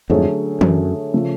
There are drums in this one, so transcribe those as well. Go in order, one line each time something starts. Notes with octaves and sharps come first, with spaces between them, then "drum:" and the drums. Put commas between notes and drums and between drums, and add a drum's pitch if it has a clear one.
F2 G#2 D3 F#3 A3 C#4 G#4
F#2, drum: tom
C#3 F3 A3